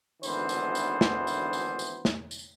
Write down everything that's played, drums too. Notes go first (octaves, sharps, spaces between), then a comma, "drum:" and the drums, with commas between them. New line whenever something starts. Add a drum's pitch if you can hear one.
G#1 D2 D3 E3 B3 C5, drum: tambourine
drum: tambourine
drum: tambourine
drum: snare
drum: tambourine
drum: tambourine
drum: tambourine
drum: snare
drum: tambourine